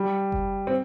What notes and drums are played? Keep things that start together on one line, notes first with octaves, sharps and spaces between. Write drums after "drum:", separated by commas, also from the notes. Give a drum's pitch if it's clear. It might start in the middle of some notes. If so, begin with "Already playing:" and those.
Already playing: G3
drum: kick F#1
C4